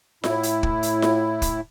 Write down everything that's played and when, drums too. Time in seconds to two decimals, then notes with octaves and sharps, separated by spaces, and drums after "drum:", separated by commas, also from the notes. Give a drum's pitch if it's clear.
0.24 A2 E4, drum: snare F4
0.43 drum: hi-hat
0.63 drum: kick
0.83 drum: hi-hat
1.02 drum: snare F4
1.42 drum: kick, hi-hat